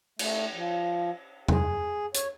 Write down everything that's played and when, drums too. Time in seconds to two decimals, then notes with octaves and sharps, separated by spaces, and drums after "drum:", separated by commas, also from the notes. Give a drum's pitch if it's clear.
0.19 A3, drum: cymbal
0.53 F3
1.48 G#4, drum: tom E2
2.14 C#5, drum: hi-hat